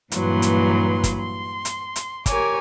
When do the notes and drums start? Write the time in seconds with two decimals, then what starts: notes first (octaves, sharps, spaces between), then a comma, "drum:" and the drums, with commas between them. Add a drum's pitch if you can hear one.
0.12 G2 A#2 E3 F#3 B4 C6, drum: hi-hat
0.42 drum: hi-hat
1.04 drum: kick, hi-hat
1.18 C6
1.65 drum: hi-hat
1.96 drum: hi-hat
2.26 G4 A#4 C#5 G#5 D6, drum: kick, hi-hat